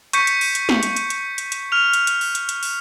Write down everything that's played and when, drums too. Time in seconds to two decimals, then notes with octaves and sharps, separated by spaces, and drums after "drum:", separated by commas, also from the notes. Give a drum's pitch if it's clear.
0.13 C#6 G6 B6 C#7, drum: hi-hat
0.27 drum: hi-hat
0.41 drum: open hi-hat
0.55 drum: hi-hat
0.69 drum: snare
0.83 drum: hi-hat
0.96 drum: hi-hat
1.10 drum: hi-hat
1.38 drum: hi-hat
1.52 drum: hi-hat
1.72 F6 F7
1.93 drum: hi-hat
2.07 drum: hi-hat
2.21 drum: open hi-hat
2.35 drum: hi-hat
2.49 drum: hi-hat
2.63 drum: open hi-hat